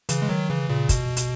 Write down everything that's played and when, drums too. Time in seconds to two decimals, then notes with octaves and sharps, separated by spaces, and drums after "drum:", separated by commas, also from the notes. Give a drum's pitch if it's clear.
0.09 C#3 E3, drum: hi-hat
0.22 G#3
0.29 D#3 F#3
0.49 C#3 E3
0.69 A#2 C#3
0.89 B2, drum: kick, hi-hat
1.17 drum: hi-hat